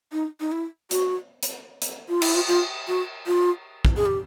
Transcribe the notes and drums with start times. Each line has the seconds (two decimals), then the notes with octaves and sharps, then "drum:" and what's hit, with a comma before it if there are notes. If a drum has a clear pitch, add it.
0.12 D#4
0.40 D#4
0.52 E4
0.91 F#4, drum: hi-hat
1.43 drum: hi-hat
1.82 drum: hi-hat
2.09 F4
2.22 E4, drum: cymbal
2.35 F4
2.48 F4
2.88 F#4
3.27 F4
3.85 drum: kick
3.96 G#4
4.06 G4